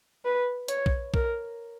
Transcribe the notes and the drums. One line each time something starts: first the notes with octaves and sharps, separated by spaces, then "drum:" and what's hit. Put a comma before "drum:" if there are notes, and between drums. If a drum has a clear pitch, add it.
B4
C#5, drum: hi-hat
drum: kick
A#4, drum: kick